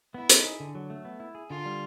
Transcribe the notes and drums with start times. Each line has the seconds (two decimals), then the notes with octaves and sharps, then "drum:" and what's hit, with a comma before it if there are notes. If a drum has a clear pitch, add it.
0.14 B3 E4
0.29 D#4, drum: hi-hat
0.45 G#4
0.60 D3
0.75 F#3
0.90 A3
1.05 B3
1.20 E4
1.35 G#4
1.50 D3 F4
1.66 G3